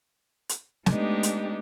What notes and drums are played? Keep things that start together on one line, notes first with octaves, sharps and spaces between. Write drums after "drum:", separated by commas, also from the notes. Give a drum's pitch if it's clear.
drum: hi-hat
G#3 A3 B3 D4 D#4 G4, drum: snare
drum: hi-hat